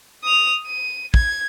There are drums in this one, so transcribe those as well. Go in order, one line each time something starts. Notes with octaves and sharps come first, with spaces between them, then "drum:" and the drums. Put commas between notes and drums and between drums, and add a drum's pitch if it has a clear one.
D#6 F7
D#7
G#6, drum: kick